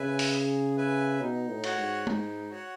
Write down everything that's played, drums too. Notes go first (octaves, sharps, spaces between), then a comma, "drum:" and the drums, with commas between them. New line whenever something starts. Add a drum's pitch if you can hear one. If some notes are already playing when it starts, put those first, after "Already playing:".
Already playing: C#3 B4 E5 G#5
drum: open hi-hat
G#4
B4 E5 G#5
B2 D#4
A2
F#4 C#5 F#5, drum: cymbal
G#2
G#2 D#4, drum: tom G#3
F#4 C#5 F#5